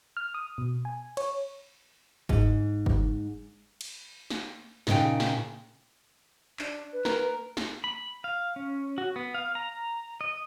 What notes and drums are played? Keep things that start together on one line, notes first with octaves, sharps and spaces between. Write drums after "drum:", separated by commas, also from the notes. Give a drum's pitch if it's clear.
F6
D#6
B2
G#5
C#5, drum: cymbal
G#2, drum: kick G1
drum: kick G1
drum: cymbal
drum: snare
A#2 C#3 D#4 G5 G#5, drum: snare
drum: snare
D4, drum: clap
B4
A#4, drum: snare
drum: snare
B5
F5
C#4
F#4
B3
F5
A#5
D#5